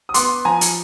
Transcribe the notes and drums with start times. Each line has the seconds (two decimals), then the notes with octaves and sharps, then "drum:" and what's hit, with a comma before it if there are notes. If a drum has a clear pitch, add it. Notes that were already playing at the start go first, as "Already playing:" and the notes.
0.09 D#6
0.14 B3 C6 D6, drum: hi-hat
0.45 F3 G#5 A#5
0.61 drum: hi-hat